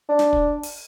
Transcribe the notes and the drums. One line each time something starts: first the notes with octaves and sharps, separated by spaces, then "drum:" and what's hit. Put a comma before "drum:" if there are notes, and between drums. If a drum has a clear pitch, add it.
D4
drum: snare
drum: kick
drum: open hi-hat